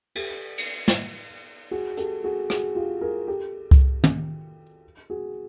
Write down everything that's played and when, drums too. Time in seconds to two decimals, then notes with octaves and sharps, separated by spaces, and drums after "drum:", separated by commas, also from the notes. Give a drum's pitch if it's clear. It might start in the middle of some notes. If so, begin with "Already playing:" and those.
0.15 G4 A4, drum: cymbal
0.58 drum: cymbal
0.88 drum: snare
1.71 F#4 G#4
1.97 G4 A4, drum: hi-hat
2.24 F#4 G#4
2.50 F#4 G#4, drum: rim click
2.75 F4 G4
3.01 G#4 A#4
3.27 G4 A4
3.71 drum: kick C2
4.04 drum: tom
5.10 F#4 G#4